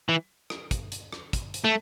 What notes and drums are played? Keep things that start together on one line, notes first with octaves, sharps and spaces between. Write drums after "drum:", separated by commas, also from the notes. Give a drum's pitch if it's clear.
E3
drum: rim click
drum: kick, hi-hat
drum: hi-hat
drum: rim click
drum: kick, hi-hat
drum: hi-hat
A3